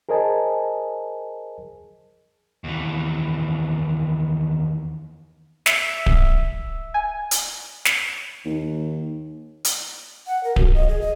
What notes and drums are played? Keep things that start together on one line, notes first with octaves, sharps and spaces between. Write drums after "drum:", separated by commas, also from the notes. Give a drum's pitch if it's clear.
G#4 A#4 C5 D#5 G#5 A5
D#2 E3
E5, drum: snare
drum: kick D1
G#5
drum: hi-hat
drum: snare
D#2
drum: hi-hat
F#5
A#4
F#4, drum: kick D1
D#5
G#4
D#5